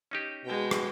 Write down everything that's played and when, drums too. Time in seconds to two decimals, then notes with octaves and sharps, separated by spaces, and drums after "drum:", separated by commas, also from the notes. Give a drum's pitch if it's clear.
0.11 C#4 D#4 G4
0.45 B2 G#3 G5
0.71 drum: rim click